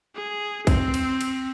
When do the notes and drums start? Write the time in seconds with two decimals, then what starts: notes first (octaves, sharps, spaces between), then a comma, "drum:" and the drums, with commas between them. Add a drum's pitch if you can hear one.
0.16 G#4
0.67 C4, drum: kick, cymbal
0.94 drum: cymbal
1.21 drum: cymbal